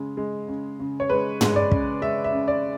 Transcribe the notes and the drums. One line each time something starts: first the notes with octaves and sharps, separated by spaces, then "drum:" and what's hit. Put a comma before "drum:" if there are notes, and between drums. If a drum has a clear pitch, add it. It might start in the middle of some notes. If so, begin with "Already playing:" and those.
Already playing: C#3 G#3
G#3
C#3
C#3
C#5
G#3 B4
G#3, drum: tom
D5
C#3, drum: kick
G#3 E5
E5
C#3
D5